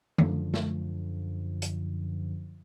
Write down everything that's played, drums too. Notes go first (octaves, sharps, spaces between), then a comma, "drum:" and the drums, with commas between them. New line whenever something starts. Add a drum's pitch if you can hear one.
F#2 D3 F3, drum: tom D3
drum: snare
drum: hi-hat